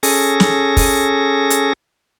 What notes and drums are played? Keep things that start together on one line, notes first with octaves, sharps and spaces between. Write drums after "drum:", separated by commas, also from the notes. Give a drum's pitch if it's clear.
C#4 G#4 A4 A#6, drum: open hi-hat
drum: snare
drum: kick, open hi-hat
drum: hi-hat